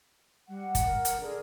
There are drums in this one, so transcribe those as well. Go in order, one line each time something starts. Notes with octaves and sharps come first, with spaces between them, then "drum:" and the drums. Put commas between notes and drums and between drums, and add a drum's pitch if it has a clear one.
G3 F#5
drum: kick, hi-hat
A#4
drum: hi-hat
D3 G#4 A#4